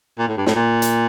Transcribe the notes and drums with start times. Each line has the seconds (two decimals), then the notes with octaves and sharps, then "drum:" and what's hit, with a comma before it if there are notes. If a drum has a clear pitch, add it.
0.19 A#2
0.28 A2
0.37 G2
0.46 A2, drum: snare
0.55 A#2
0.82 drum: hi-hat